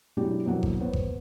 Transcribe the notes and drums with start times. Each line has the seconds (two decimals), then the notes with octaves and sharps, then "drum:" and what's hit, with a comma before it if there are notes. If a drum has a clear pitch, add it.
0.17 B2 F#3 G#3 D4 E4 G4
0.46 F2 B2 E3 F#3 A#3 F#5
0.63 drum: kick G1
0.79 B3 C5 C#5
0.93 drum: kick G1